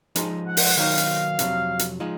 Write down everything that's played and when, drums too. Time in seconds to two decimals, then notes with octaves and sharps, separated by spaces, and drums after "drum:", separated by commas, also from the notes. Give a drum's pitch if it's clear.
0.16 F3 G#3 D#4 G#4 C5, drum: hi-hat
0.46 F#5
0.57 drum: open hi-hat
0.77 D#3 F#3 A#3 D#4 F5
0.98 drum: hi-hat
1.39 F2 C3 D#3 F#3, drum: hi-hat
1.79 drum: hi-hat
2.00 F3 G#3 D#4